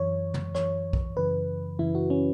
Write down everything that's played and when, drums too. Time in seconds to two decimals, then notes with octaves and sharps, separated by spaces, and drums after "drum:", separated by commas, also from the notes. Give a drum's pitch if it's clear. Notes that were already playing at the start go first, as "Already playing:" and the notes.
Already playing: F#2 E3 C#5
0.34 drum: tom
0.55 F#2 E3 C#5, drum: rim click
0.93 drum: kick B1
1.17 F#2 C#3 E3 B4
1.79 F#2 C#3 E3 E4
1.95 F#4
2.10 C#4